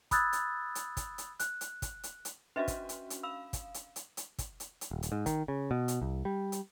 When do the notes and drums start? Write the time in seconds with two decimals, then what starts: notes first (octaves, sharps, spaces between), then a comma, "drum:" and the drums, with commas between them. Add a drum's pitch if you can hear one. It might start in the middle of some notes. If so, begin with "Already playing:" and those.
0.11 B5 D#6 E6 F#6 G#6 A6, drum: kick, hi-hat
0.33 drum: hi-hat
0.75 drum: hi-hat
0.97 drum: kick, hi-hat
1.18 drum: hi-hat
1.40 F#6, drum: hi-hat
1.61 drum: hi-hat
1.82 drum: kick, hi-hat
2.03 drum: hi-hat
2.25 drum: hi-hat
2.56 C#4 D4 F#4 B4 D#5 E5
2.68 drum: kick, hi-hat
2.89 drum: hi-hat
3.10 drum: hi-hat
3.23 F5 B5 E6
3.53 drum: kick, hi-hat
3.74 drum: hi-hat
3.96 drum: hi-hat
4.17 drum: hi-hat
4.38 drum: kick, hi-hat
4.60 drum: hi-hat
4.81 drum: hi-hat
4.91 D#1
5.03 drum: hi-hat
5.12 G#2
5.26 D#3, drum: kick, hi-hat
5.48 C#3
5.71 B2
5.88 drum: hi-hat
6.02 C2
6.25 G3
6.52 drum: hi-hat